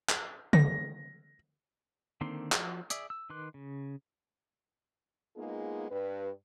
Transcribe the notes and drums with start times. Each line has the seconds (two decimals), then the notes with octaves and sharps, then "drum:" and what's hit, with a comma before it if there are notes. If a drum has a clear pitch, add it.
0.09 drum: clap
0.53 A#6, drum: tom C#3
2.21 D3 D#3 A#3 C4 C6
2.52 F3 F#4, drum: clap
2.90 G#4 D5 E5, drum: hi-hat
3.10 E6
3.30 D#3 B4 C6 D6 F#6
3.54 C#3
5.36 G#3 A#3 B3 D#4 F4 G#4
5.90 G2 B4